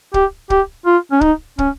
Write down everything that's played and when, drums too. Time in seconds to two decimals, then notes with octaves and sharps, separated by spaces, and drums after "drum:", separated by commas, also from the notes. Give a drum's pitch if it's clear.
0.14 G4, drum: kick
0.50 G4, drum: kick
0.86 F4
1.12 C#4
1.21 D#4, drum: kick
1.59 C#4, drum: kick